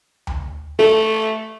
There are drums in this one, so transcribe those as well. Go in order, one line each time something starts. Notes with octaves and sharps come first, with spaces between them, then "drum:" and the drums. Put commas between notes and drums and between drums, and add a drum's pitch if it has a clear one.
drum: tom D2
A3 A4